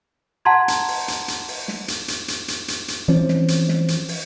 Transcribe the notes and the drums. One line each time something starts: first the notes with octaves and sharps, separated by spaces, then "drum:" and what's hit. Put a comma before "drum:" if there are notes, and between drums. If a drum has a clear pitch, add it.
F#5 A5 A#5 C6 G#6
drum: hi-hat
drum: open hi-hat
drum: hi-hat
drum: hi-hat
drum: open hi-hat
drum: snare
drum: hi-hat
drum: hi-hat
drum: hi-hat
drum: hi-hat
drum: hi-hat
drum: hi-hat
E3 F3 C4 C#4
drum: snare
drum: hi-hat
drum: snare
drum: hi-hat
drum: open hi-hat